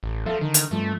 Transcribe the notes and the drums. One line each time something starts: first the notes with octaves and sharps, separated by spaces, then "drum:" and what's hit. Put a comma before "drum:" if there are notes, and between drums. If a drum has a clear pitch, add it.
A1
F3 A4 E5 F5
D3 D#3
drum: hi-hat
G2 F3 A3